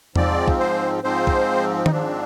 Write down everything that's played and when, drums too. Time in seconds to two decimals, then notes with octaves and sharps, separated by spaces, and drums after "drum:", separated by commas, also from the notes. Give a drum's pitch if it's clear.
0.16 G#2 F3 C4 D5, drum: tom E2
0.48 drum: kick
0.60 C5
1.03 G#2 F3 C4 C5
1.27 drum: kick
1.86 D#4, drum: tom D#3
1.91 G#2 F3 C4 D4